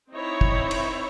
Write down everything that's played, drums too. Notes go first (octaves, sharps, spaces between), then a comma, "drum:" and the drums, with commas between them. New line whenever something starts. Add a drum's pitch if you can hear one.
C4 D#4 E4 C#5
drum: kick
drum: cymbal